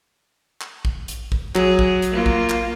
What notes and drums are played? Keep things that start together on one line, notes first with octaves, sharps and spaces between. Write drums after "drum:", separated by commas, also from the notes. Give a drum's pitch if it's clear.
drum: clap
drum: kick
drum: hi-hat
drum: kick
F#3 G#4, drum: clap
drum: kick
drum: hi-hat
A#3 F4
drum: kick
drum: clap